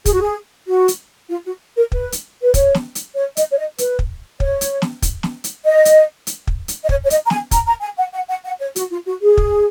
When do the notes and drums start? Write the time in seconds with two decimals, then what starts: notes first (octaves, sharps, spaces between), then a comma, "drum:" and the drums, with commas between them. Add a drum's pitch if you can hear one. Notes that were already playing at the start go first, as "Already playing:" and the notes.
0.05 G#4, drum: kick, hi-hat
0.13 F#4
0.21 G#4
0.68 F#4
0.88 drum: hi-hat
1.30 F4
1.45 F#4
1.76 A#4
1.92 B4, drum: kick
2.12 drum: hi-hat
2.42 B4
2.54 C#5, drum: kick, hi-hat
2.75 drum: snare
2.95 drum: hi-hat
3.16 C#5
3.37 D#5, drum: hi-hat
3.51 C#5
3.57 D#5
3.78 B4, drum: hi-hat
3.99 drum: kick
4.40 C#5, drum: kick
4.61 drum: hi-hat
4.82 drum: snare
5.02 drum: kick, hi-hat
5.23 drum: snare
5.44 drum: hi-hat
5.65 D#5
5.85 drum: hi-hat
6.27 drum: hi-hat
6.47 drum: kick
6.68 drum: hi-hat
6.84 D#5
6.89 C#5, drum: kick
7.04 C#5
7.10 D#5, drum: hi-hat
7.26 A#5
7.30 G#5, drum: snare
7.51 A#5, drum: kick, hi-hat
7.67 A#5
7.82 G#5
7.98 F#5
8.13 F#5
8.29 F#5
8.45 F#5
8.60 C#5
8.76 F#4, drum: hi-hat
8.91 F4
9.06 F#4
9.22 G#4
9.37 drum: kick